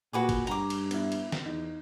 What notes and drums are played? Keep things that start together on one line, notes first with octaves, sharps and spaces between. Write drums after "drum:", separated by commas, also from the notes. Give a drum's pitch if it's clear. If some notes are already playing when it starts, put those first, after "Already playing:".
A#2 F#4 G#4 B4 D6
drum: kick, cymbal
G2 A#5 D6, drum: cymbal
drum: cymbal
B3 E4, drum: cymbal
drum: cymbal
drum: snare
E2 D#4